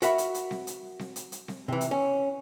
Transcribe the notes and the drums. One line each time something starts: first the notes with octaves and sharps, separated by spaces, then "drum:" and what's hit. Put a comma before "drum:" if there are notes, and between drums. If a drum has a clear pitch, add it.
F#4 A#4 E5 F#5 B5, drum: hi-hat
drum: hi-hat
drum: hi-hat
drum: snare C4
drum: hi-hat
drum: snare C4
drum: hi-hat
drum: hi-hat
drum: snare C4
C3 E3
drum: hi-hat
C#4